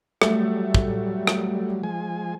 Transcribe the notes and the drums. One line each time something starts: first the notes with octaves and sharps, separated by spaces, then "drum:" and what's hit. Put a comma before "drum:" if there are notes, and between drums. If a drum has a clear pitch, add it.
F#3 G3 A3, drum: rim click
drum: kick
drum: rim click
F3 G#3 G#5